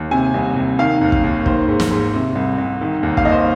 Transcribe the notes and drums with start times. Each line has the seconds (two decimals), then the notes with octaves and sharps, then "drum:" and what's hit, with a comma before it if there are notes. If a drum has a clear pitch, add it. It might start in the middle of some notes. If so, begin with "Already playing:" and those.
Already playing: D#2
0.11 C3 G#5
0.34 C2
0.56 C2
0.79 D#3 F5
1.01 D#2
1.12 drum: kick
1.24 D#2
1.46 D#3 C5, drum: kick
1.68 G#2
1.80 drum: snare
1.91 G#2
2.14 C3
2.35 C2
2.58 C2
2.81 D#3
3.03 D#2
3.17 F5, drum: kick
3.25 D#2 D#5
3.32 C5